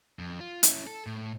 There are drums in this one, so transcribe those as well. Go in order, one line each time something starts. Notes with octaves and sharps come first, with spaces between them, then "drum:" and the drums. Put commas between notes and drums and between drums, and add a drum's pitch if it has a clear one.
F2
F4
C#4 E4, drum: hi-hat
A4
A2